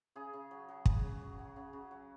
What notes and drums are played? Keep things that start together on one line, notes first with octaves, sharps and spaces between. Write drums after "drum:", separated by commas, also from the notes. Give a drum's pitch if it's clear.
C#3 G#4
C#3
F#3
F#3
C#3, drum: kick
C#3
F#3
F#3
C#3
C#3
F#3